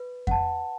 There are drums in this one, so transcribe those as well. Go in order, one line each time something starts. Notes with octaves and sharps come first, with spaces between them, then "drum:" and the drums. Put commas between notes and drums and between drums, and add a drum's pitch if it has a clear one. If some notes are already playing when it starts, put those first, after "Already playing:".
Already playing: B4
F#5 A5, drum: kick F2